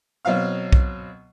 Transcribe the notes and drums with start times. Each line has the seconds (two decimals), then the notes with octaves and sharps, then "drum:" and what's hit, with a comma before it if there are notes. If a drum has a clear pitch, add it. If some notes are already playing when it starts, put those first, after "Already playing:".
0.25 B2 F#3 C4 F5 F6
0.73 drum: kick B1